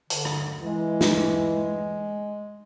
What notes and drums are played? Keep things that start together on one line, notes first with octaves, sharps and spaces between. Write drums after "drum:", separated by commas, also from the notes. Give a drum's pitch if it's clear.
D3, drum: hi-hat
drum: rim click
E3 G#3
drum: snare